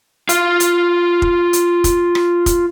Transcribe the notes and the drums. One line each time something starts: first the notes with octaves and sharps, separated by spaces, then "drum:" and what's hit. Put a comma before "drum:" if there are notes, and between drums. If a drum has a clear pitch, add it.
F4 F5, drum: hi-hat
drum: hi-hat
drum: kick F1
drum: hi-hat
drum: kick F1, hi-hat
drum: rim click
drum: kick F1, hi-hat